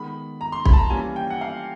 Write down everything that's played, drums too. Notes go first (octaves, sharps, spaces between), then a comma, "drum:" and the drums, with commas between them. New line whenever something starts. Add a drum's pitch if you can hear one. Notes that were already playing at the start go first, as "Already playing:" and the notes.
Already playing: D#3 G#3 B3 B5
A#5
C6
B5, drum: kick
A5
A#5
E3 G3 A#3 C#4 G#5
G5
F#5
F5